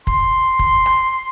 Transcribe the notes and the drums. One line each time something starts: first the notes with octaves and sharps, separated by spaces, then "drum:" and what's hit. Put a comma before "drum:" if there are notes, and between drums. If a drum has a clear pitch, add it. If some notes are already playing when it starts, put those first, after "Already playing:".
C6, drum: kick
drum: kick
drum: rim click